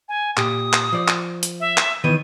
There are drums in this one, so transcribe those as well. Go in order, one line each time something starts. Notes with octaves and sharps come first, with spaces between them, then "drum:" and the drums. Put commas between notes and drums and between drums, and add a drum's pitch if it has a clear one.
G#5
A#2 G4 D#6, drum: clap
drum: clap
F3 D5
drum: clap
drum: hi-hat
E5
drum: clap
D#3 E3 B3 D#7